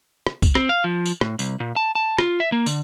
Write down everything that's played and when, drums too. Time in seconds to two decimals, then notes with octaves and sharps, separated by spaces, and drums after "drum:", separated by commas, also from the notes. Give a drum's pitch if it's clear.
0.27 drum: rim click
0.42 drum: kick, tambourine
0.55 C4, drum: rim click
0.69 F5
0.84 F3
1.06 drum: tambourine
1.21 A2, drum: rim click
1.39 C2, drum: tambourine
1.60 A#2
1.76 A5
1.95 A5
2.18 F4, drum: rim click
2.40 E5
2.52 A#3
2.66 D3, drum: tambourine